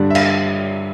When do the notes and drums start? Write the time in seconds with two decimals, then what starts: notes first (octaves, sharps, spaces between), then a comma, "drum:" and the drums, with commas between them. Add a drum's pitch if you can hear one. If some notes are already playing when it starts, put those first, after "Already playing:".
Already playing: G2 D3 G3
0.10 E5
0.15 F5, drum: cymbal